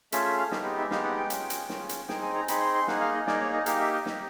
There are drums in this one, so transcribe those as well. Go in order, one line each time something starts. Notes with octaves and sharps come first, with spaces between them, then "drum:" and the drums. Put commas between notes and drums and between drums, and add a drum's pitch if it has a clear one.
A3 C#4 F4 G#4 E5, drum: hi-hat
E5
F5
G#3 B3 D#4 G4 D#5, drum: snare
D#5
E5
G#3 B3 D#4 G4 F5, drum: snare
F#5
G5
C#4 F4 G#4, drum: hi-hat
drum: hi-hat
C#4 F4 G#4, drum: snare
drum: hi-hat
C4 D#4 G#4 G5, drum: snare
G#5
A#5
C4 D#4 G#4 B5, drum: hi-hat
C6
C6
A#3 D#4 G#4 F#5, drum: snare
F5
D#5
A#3 D#4 G#4 D5, drum: snare
C#5
D#5
A#3 D#4 G4 F5, drum: hi-hat
E5
D#5
A#3 D#4 G4, drum: snare